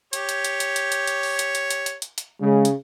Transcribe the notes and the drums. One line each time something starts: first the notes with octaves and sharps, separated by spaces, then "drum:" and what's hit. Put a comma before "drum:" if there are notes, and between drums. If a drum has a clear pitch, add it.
G4 C#5, drum: hi-hat
drum: hi-hat
drum: hi-hat
drum: hi-hat
drum: hi-hat
drum: hi-hat
drum: hi-hat
drum: open hi-hat
drum: hi-hat
drum: hi-hat
drum: hi-hat
drum: hi-hat
drum: hi-hat
drum: hi-hat
C#3 G#3
drum: hi-hat